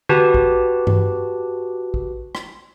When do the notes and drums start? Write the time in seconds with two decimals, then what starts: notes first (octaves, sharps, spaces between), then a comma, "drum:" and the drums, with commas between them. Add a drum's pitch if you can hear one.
0.09 F#4 G4 B4 A5, drum: tom D3
0.34 drum: kick
0.87 drum: tom G2
1.94 drum: kick
2.35 drum: rim click